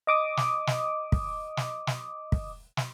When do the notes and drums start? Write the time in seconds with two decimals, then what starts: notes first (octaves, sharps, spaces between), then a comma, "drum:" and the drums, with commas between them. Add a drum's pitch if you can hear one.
0.07 D#5 D6 D#6
0.37 drum: snare
0.67 drum: snare
1.12 drum: kick
1.57 drum: snare
1.87 drum: snare
2.32 drum: kick
2.77 drum: snare